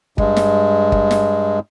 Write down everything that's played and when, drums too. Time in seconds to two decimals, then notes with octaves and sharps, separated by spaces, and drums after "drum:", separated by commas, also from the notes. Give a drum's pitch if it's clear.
0.18 G2 G#3, drum: kick
0.36 drum: snare
0.92 drum: kick
1.11 drum: snare